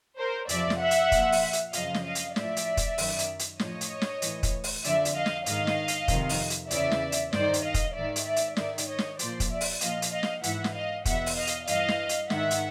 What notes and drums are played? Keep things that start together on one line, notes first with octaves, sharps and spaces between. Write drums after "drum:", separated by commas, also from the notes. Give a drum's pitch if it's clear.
A#4 C5
F2 C3 F3 D5 E5, drum: hi-hat
drum: snare
E5 F#5
drum: hi-hat
A#2 F3, drum: kick, hi-hat
drum: open hi-hat
drum: hi-hat
F#2 C#3 F3 D#5 F5, drum: hi-hat
drum: snare
D#5 F5
drum: hi-hat
A2 F3 D5 E5, drum: snare
drum: hi-hat
drum: kick, hi-hat
F#2 D#3, drum: open hi-hat
drum: hi-hat
drum: hi-hat
A2 F3 C#5 D#5, drum: snare
drum: hi-hat
drum: snare
A2 E3, drum: hi-hat
drum: kick, hi-hat
drum: open hi-hat
F2 D3 F3 D5 E5, drum: hi-hat
drum: hi-hat
D#5 F5
drum: snare
G#2 D#3 D#5 F5, drum: hi-hat
drum: snare
drum: hi-hat
F2 C3 D#3, drum: kick, hi-hat
drum: open hi-hat
drum: hi-hat
E2 C#3 E3 D5 E5, drum: hi-hat
drum: snare
drum: hi-hat
G2 D#3 C5 D5, drum: snare
drum: hi-hat
D#5 F5
drum: kick, hi-hat
G#2 D#3 D5 E5
drum: hi-hat
D5 E5
drum: hi-hat
G#2 D#3 D5 E5, drum: snare
drum: hi-hat
C#5 D#5
drum: snare
A#2 F3 C5 D5, drum: hi-hat
drum: kick, hi-hat
D5 E5
drum: open hi-hat
A#2 F3 D#5 F5, drum: hi-hat
drum: hi-hat
D#5 F5
drum: snare
G#2 E3 E5 F#5, drum: hi-hat
drum: snare
D#5 F5
E2 B2 E5 F#5, drum: kick, hi-hat
drum: open hi-hat
D#5 F5
drum: hi-hat
G2 E3 D#5 F5, drum: hi-hat
drum: snare
drum: hi-hat
G#2 D#3 E5 F#5, drum: snare
drum: hi-hat